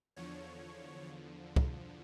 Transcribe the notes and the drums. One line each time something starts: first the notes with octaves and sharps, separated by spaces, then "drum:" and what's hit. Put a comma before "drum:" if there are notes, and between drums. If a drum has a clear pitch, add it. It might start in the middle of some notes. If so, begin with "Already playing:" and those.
E2 D3 F3 C#5
drum: kick